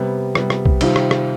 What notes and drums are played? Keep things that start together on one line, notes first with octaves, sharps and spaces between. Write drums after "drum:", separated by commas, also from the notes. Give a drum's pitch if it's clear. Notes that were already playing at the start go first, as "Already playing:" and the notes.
Already playing: C3 G3 B3
C3 G3 B3, drum: rim click
drum: rim click
drum: kick B1
C3 D#3 G3 C4 F4, drum: cymbal
drum: rim click
drum: rim click